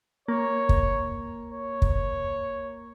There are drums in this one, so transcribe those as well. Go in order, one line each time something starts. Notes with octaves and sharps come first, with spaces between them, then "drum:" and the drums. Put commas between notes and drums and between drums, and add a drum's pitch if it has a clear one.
A#3 C#5
drum: kick
C#5
drum: kick